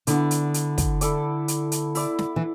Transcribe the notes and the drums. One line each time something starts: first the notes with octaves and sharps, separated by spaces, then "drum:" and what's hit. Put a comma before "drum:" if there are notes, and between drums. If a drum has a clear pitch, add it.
D3 B3 E4 D5, drum: hi-hat
drum: hi-hat
drum: hi-hat
drum: kick, hi-hat
E4 A4 D5, drum: hi-hat
drum: hi-hat
drum: hi-hat
E4 D5, drum: open hi-hat
drum: snare
E3